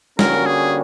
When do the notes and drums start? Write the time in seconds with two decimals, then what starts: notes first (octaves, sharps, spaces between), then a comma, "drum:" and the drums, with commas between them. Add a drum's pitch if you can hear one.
0.19 D3 G3 A#3 C#4 F#4 A#4, drum: snare
0.47 G#4